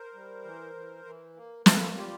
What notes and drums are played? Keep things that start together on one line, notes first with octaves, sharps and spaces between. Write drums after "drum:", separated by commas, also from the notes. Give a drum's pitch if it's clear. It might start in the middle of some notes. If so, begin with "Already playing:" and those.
Already playing: A#4 C5
G3
E3
E3
E3
A#3
A#3 A4 B4, drum: snare
G3 F4 G4